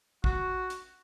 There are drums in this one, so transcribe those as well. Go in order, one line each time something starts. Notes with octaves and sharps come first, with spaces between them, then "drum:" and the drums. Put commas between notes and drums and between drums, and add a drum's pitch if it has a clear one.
F#4, drum: kick
drum: hi-hat